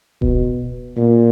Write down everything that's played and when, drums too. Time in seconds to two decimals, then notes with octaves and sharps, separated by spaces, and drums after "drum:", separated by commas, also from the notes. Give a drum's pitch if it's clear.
0.22 B2, drum: kick D#1
0.97 A#2